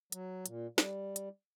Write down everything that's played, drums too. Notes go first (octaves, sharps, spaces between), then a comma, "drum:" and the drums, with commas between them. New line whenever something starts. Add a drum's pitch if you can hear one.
F#3, drum: hi-hat
A#2, drum: hi-hat
G3, drum: snare
drum: hi-hat